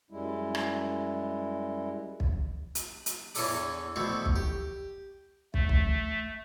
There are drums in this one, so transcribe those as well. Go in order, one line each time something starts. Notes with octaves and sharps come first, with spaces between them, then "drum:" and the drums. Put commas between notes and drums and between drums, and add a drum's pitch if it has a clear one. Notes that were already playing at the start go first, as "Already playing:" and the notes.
F#2 G3 G#3 E4
drum: rim click
drum: kick
drum: hi-hat
drum: hi-hat
E2 E3 C#4 D4 A4 D6, drum: open hi-hat
D2 B2 A3 C4 E4
drum: kick
G4
A3, drum: kick
drum: kick